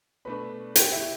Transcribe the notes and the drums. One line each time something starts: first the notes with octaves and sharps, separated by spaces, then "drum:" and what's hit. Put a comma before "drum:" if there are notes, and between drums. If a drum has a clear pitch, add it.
B2 A3 D4 B4 B5
G4 G5, drum: hi-hat
E4 E5